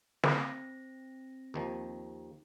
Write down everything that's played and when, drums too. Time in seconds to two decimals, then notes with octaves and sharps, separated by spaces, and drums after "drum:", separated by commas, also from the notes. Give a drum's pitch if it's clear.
0.23 C4 A#6, drum: snare
1.54 D#2 D#3 F3